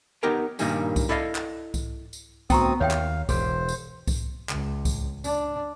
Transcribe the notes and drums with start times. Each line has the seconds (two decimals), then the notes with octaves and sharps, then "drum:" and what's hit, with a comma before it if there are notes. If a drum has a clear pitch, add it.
0.23 B3 D#4 G4 A#4 C#5 G5
0.59 G2 A#2 D#3 G3 A#3 C#4, drum: tambourine
0.96 drum: kick C2, tambourine
1.09 E4 A4 D5 D#5 F5
1.35 drum: clap
1.74 drum: kick C2, tambourine
2.13 drum: tambourine
2.50 D2 B3 C4 G5 A#5 C#6 D#6, drum: kick C2, tambourine
2.80 D#2 C#5 E5 F5 G5
2.91 drum: clap
3.29 E1 G#4 C5, drum: kick C2, tambourine
3.69 drum: tambourine
4.07 drum: kick C2, tambourine
4.49 C#2, drum: clap
4.85 drum: kick C2, tambourine
5.24 D4, drum: tambourine